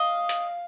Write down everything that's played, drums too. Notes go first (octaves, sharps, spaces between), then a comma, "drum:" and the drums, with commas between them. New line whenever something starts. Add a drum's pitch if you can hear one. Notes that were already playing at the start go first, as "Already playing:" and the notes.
Already playing: D#5 F5
drum: hi-hat